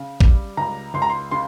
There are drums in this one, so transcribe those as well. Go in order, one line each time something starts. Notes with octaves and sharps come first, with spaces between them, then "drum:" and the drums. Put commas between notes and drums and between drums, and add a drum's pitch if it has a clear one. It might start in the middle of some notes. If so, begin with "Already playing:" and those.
Already playing: C#3
G3, drum: kick
C#2 A#5
C#2 C6
A#5
C6
C#3 C6